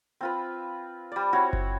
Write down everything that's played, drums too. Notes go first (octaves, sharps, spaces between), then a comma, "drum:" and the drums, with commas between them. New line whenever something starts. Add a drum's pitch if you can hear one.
C4 F4 B4
G3 D5
C4 E4 F#4 C#5
drum: kick F#1